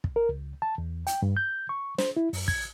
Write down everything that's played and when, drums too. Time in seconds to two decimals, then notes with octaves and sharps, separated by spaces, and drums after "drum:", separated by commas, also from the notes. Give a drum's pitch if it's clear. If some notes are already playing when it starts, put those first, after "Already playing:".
0.04 drum: kick
0.16 A#4
0.29 C#2
0.62 A5
0.78 E2
1.07 G5, drum: hi-hat
1.22 G2
1.37 G6
1.69 C#6
1.98 C5, drum: snare
2.17 E4
2.33 F#2, drum: open hi-hat
2.48 G#6, drum: kick